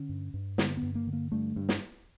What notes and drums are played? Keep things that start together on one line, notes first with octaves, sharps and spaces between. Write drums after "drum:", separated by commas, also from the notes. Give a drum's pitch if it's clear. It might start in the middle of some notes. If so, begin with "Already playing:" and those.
Already playing: D3 C#4
G2
G2
D3 B3, drum: snare
B3
G2
A#3
D3
A#3
G2 A3
G2
drum: snare